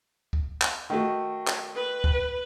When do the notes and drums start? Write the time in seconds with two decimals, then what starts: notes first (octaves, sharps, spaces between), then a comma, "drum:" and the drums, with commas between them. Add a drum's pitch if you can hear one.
0.33 drum: kick
0.62 drum: clap
0.90 D#3 A3 F#4
1.47 drum: clap
1.76 B4
2.04 drum: kick